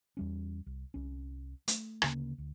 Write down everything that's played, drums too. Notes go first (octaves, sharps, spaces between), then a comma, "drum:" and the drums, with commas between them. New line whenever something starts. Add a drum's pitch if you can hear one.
E2 G3 C#4
C2
C2 C#4
A3, drum: hi-hat
D2 C#3 A#3, drum: rim click
D2